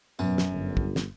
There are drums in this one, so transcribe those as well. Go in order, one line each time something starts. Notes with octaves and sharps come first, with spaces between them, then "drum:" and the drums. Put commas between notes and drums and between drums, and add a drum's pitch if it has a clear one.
F#2 B2 F#3 B4, drum: tambourine
drum: snare
G1
drum: kick
drum: snare